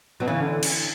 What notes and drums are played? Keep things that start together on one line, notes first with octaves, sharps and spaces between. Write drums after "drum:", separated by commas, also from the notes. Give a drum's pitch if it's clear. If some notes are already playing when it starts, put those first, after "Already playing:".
B2 F#3
C#3 E3
D3
drum: cymbal